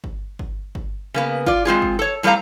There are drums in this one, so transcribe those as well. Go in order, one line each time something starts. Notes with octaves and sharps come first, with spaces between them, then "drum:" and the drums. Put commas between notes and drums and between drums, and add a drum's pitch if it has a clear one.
drum: kick G1
drum: kick G1
drum: kick G1
C#3 A#3 B3
F4 D5, drum: kick G1
G#3 C4 F4 G#4
drum: kick G1
A4 C#5
A2 G3 C4 A4 F5 A#5